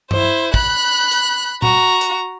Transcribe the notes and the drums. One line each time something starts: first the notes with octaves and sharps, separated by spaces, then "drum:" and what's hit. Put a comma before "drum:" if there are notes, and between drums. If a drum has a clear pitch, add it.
E4 C5, drum: tom G2
B5 F#6, drum: kick
drum: hi-hat
F#4 A#5, drum: tom A#2
drum: hi-hat